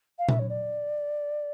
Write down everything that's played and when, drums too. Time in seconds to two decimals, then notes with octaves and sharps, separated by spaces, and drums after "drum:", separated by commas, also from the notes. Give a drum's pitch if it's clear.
0.18 F5
0.29 E5, drum: tom A#2
0.39 C#5
0.49 D5